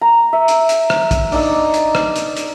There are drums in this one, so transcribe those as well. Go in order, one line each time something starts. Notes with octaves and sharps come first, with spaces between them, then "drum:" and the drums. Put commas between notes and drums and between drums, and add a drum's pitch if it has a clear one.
A#5
E5
drum: hi-hat
drum: hi-hat
drum: rim click
drum: kick, hi-hat
D4 D#4 E6, drum: open hi-hat
drum: hi-hat
drum: rim click
drum: hi-hat
drum: hi-hat